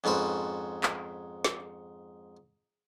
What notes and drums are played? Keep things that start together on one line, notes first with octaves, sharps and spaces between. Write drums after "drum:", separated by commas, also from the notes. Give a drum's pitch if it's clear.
F2 G#2 C#4 B4 C5
drum: clap
drum: snare